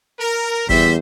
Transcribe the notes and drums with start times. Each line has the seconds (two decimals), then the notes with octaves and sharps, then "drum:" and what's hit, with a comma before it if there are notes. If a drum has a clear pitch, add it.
0.18 A#4
0.69 E2 G3 C5 E5 B6, drum: kick F#1